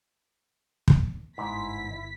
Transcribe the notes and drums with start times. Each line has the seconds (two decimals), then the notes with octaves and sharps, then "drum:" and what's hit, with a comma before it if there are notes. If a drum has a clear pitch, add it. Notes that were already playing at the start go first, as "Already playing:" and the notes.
0.88 drum: kick
1.38 G1 G#2 E4 B6